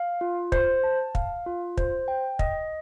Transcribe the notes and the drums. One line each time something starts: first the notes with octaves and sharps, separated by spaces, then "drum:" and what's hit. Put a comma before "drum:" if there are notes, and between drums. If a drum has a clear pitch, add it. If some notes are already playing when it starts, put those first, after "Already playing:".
Already playing: F5
F4
C5, drum: kick
A5
F5, drum: kick
F4
C5, drum: kick
G5
D#5, drum: kick